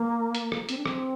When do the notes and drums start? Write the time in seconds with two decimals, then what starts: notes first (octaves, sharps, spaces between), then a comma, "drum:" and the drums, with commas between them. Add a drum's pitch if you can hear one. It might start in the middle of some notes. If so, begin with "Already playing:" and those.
Already playing: A#3
0.35 drum: hi-hat
0.52 drum: rim click
0.69 C4, drum: hi-hat
0.77 D4
0.86 C4, drum: rim click